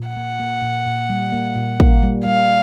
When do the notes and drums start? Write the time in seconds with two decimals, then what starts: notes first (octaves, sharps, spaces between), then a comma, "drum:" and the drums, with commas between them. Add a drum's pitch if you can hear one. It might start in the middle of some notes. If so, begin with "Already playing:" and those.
Already playing: A#2
0.09 F#5
0.16 A#3
0.40 A#3
0.62 A#2
0.86 A#2
1.10 G3
1.32 A#3
1.56 A#2
1.80 A#3, drum: kick
2.03 G3
2.25 G3 F5